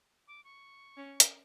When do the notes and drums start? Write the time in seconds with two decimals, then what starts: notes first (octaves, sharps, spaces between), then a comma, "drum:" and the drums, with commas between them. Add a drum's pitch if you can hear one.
0.27 D6
0.44 C#6
0.97 C#4
1.20 drum: hi-hat